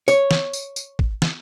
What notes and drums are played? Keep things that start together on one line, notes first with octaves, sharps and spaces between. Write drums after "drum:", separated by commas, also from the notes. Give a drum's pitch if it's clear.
C#5, drum: tambourine
drum: snare
drum: tambourine
drum: tambourine
drum: kick
drum: snare